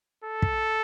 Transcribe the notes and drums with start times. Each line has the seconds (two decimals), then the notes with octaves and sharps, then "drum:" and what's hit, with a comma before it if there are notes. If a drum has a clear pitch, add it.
0.24 A4
0.42 drum: kick